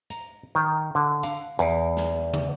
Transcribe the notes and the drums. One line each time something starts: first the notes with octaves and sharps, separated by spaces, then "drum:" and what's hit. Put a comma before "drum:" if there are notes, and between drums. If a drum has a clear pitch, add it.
A#5, drum: hi-hat
D#3
D3
F5, drum: hi-hat
E2, drum: hi-hat
drum: snare
drum: tom